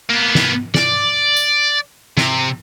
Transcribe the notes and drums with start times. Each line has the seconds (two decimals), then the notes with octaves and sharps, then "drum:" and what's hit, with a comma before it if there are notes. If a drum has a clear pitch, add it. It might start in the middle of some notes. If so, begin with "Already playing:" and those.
0.10 A#3 B3
0.35 drum: snare
0.74 D5, drum: snare
1.37 drum: tambourine
2.17 C3, drum: snare